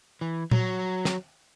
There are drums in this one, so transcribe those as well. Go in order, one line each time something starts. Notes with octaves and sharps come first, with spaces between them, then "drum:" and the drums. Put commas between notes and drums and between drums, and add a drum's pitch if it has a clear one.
E3
F#3, drum: tom A#2
drum: snare